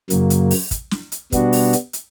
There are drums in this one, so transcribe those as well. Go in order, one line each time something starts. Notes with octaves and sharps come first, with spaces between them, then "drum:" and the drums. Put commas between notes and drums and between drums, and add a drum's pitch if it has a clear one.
F#2 C#3 F#3 A#3, drum: hi-hat
drum: hi-hat
drum: open hi-hat
drum: kick, hi-hat
drum: snare
drum: hi-hat
B2 G3 B3 D4 F#4, drum: kick, hi-hat
drum: open hi-hat
drum: hi-hat
drum: hi-hat